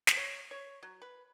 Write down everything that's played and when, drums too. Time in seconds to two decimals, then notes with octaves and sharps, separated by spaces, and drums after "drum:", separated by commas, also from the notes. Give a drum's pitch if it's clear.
0.07 drum: snare
0.17 C#5
0.51 C#5
0.83 F#3
1.02 B4